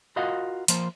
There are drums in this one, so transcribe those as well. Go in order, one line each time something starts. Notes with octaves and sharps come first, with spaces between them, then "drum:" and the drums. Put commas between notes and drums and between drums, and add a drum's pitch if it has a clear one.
F4 F#4 A#4 D#5 F5 F#5
F3 A#3 C5, drum: hi-hat